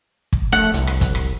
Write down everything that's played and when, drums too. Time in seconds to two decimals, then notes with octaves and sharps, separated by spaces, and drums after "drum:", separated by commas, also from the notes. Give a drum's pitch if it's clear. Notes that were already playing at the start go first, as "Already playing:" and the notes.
0.33 drum: kick
0.52 A#1 A3 F#5
0.74 C2, drum: hi-hat
0.87 drum: rim click
1.01 drum: kick, hi-hat
1.15 drum: rim click